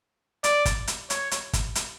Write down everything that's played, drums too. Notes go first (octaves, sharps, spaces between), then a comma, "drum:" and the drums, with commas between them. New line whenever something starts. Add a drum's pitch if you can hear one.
D5, drum: hi-hat
drum: kick, hi-hat
drum: hi-hat
C#5, drum: hi-hat
drum: hi-hat
drum: kick, hi-hat
drum: hi-hat